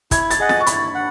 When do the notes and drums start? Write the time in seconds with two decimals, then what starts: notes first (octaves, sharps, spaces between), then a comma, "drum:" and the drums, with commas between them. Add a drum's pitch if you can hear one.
0.11 E4 G#6, drum: kick, hi-hat
0.30 A6, drum: hi-hat
0.40 G#4 D#5 F#5
0.49 A6, drum: snare
0.60 C#6
0.67 E4 B5, drum: hi-hat
0.95 F#5